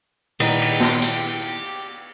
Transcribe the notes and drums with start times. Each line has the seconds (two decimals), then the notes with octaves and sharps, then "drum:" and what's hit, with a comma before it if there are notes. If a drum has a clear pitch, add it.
0.40 A#2 D#3 B3 D#4 E4 G4 B4 G5, drum: cymbal
0.62 drum: cymbal
0.80 drum: snare
1.02 drum: hi-hat